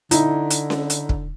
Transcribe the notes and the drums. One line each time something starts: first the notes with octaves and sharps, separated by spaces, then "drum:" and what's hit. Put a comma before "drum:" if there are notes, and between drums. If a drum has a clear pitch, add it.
D3 D#4 E4, drum: hi-hat
drum: hi-hat
drum: snare C#4
drum: hi-hat
drum: kick